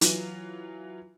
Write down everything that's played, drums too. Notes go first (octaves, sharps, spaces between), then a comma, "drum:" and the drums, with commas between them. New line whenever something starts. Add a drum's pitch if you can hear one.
E3 F#3 F4, drum: hi-hat